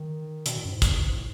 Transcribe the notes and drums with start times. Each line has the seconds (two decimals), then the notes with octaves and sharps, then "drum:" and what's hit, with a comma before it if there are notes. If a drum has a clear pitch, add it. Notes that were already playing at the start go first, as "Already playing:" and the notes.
Already playing: D#3
0.46 B2, drum: hi-hat
0.58 A2
0.65 F#2
0.70 G#2
0.82 E2, drum: kick, hi-hat
1.06 G#2
1.15 A2